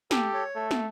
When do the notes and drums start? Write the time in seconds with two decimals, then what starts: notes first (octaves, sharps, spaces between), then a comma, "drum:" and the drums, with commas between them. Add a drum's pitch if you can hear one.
0.11 G4 A4, drum: snare
0.34 C#5
0.55 A3 A4
0.71 drum: snare